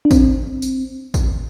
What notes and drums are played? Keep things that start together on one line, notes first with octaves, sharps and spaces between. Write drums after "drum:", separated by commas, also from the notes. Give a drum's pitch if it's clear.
D4
C4, drum: kick, tambourine
drum: tambourine
drum: kick, tambourine